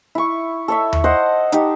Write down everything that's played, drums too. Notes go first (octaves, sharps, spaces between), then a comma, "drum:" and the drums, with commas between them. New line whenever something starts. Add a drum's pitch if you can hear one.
E4 C#6
A4 C#5 E5
drum: tom D#2
C5 D#5 F#5
D#4 G4, drum: hi-hat